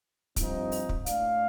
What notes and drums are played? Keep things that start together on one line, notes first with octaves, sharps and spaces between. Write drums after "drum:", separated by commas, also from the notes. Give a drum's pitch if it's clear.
G2 F3 C4 D#4, drum: kick, hi-hat
drum: open hi-hat
drum: kick
A2 A3 D4 D5 F5, drum: hi-hat